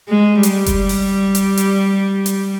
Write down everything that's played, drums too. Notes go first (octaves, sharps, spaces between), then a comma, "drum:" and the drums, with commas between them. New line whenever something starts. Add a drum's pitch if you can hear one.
G#3
G3, drum: hi-hat
drum: kick F#1, hi-hat
drum: open hi-hat
drum: hi-hat
drum: hi-hat
drum: hi-hat